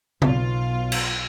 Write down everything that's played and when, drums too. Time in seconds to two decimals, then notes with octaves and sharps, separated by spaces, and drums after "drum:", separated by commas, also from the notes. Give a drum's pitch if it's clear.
0.22 B1 F4, drum: tom C#3
0.92 drum: cymbal